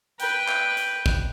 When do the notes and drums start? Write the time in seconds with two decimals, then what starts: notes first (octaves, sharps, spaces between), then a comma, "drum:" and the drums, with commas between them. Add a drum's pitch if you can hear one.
0.20 B4 G5, drum: hi-hat
0.48 drum: clap
0.77 drum: hi-hat
1.06 drum: kick